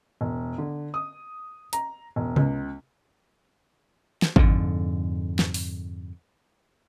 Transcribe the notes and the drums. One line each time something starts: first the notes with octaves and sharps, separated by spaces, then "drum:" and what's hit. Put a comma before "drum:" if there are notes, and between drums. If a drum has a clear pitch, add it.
E1
D3
D#6
A#5, drum: hi-hat
E1
C#2, drum: tom C3
drum: snare
F2 G#2 D3, drum: kick G#1
drum: snare
drum: open hi-hat